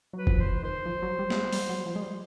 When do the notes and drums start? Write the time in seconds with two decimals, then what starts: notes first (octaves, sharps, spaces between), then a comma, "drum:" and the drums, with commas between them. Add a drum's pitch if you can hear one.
0.13 F#3 B4
0.27 F3, drum: kick F#1
0.40 E3 C5
0.63 D#3 C5
0.86 F3
1.02 F#3
1.19 G3
1.30 G3, drum: snare
1.35 G#3
1.53 G3, drum: open hi-hat
1.69 F#3
1.86 F3
1.96 G#3
2.02 G3